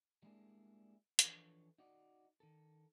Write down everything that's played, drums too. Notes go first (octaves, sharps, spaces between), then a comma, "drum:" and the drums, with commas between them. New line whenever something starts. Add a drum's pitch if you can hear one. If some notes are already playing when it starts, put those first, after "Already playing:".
G3 G#3 A#3 D4 E4 G#4
E3 F3 D4 A4 B4 C#5, drum: hi-hat
D#4 F#4 D5
D#3 A4